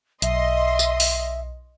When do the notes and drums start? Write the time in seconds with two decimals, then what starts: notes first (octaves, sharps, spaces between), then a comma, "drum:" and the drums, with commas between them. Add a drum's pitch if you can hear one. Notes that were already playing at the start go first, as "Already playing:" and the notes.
0.22 B1 D#5 E5 C6, drum: hi-hat
0.79 drum: tambourine
1.00 drum: open hi-hat